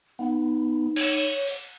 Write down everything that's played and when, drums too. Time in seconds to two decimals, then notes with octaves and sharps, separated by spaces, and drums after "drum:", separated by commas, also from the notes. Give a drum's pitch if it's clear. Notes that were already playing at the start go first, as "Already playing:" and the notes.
0.19 B3 D#4
0.96 C#5, drum: cymbal
1.48 drum: open hi-hat